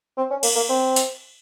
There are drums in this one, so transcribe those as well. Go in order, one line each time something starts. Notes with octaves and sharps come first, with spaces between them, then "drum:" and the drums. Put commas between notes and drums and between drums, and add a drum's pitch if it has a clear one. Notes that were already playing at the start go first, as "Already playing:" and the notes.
C4
C#4
A#3, drum: cymbal
A#3
C4
drum: hi-hat